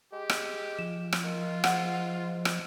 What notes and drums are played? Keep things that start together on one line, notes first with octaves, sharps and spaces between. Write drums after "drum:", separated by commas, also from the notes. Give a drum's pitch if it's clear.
G#3 G4
drum: rim click
F3 E7
drum: rim click
D#3 F4
G#2 F#5, drum: rim click
drum: rim click